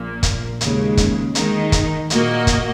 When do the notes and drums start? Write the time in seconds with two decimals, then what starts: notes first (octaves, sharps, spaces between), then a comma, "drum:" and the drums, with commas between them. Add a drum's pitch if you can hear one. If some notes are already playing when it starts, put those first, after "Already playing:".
Already playing: A#1 A#2 A#3
0.23 drum: kick, hi-hat
0.61 D#2 C#3 G#3, drum: hi-hat
0.97 drum: kick, hi-hat
1.35 D#3 G#3 D#4, drum: hi-hat
1.72 drum: kick, hi-hat
2.10 A#2 A#3 F#4 D#5, drum: hi-hat
2.47 drum: kick, hi-hat